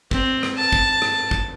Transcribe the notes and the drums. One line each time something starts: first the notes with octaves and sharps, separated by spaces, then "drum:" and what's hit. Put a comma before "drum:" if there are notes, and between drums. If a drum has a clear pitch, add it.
C4, drum: kick
drum: rim click
A5
drum: kick
drum: rim click
drum: kick